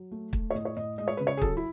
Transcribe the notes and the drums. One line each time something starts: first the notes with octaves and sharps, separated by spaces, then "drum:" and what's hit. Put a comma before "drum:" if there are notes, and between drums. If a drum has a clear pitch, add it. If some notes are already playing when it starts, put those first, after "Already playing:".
Already playing: F#3
A3
A3, drum: kick
C#5
A2 D#5
C#5
A2 D#5
G#3 D#5
C#5
C#3 B4
C#5
G#4
F#3 A4, drum: kick
E4